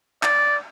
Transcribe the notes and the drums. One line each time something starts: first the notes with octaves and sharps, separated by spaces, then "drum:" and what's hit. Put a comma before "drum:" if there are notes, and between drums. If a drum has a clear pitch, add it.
D5, drum: clap